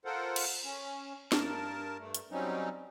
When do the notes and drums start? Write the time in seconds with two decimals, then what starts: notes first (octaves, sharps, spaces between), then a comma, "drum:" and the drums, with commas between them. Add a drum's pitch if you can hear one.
0.05 F4 A4 A#4 C5 F#5
0.36 drum: cymbal
0.64 C#4
1.32 G2 A#4 A5, drum: snare
1.98 G2 A3
2.15 drum: hi-hat
2.31 F#3 G3 C4 C#4 D#4